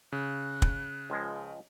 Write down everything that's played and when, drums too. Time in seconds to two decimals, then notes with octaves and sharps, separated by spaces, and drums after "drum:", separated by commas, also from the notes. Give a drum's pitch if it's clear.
0.12 C#3 F#6
0.62 drum: kick
1.10 C#2 F3 G#3